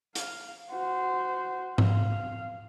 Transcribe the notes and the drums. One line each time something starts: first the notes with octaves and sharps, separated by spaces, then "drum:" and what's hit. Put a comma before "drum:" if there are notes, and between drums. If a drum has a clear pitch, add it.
F5, drum: hi-hat
F#4 C5
F5, drum: tom G#2